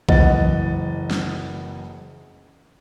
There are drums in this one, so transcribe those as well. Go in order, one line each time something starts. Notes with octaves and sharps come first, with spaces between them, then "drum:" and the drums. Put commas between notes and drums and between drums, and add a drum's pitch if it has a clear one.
F#1 E3 D#5 F#5 A6, drum: kick B1
drum: snare